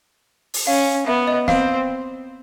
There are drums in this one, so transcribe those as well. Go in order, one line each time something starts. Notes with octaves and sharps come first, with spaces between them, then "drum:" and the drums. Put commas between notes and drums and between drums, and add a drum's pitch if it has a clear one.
drum: open hi-hat
C#4 F5
B3 E5
D#5
C4 F5, drum: snare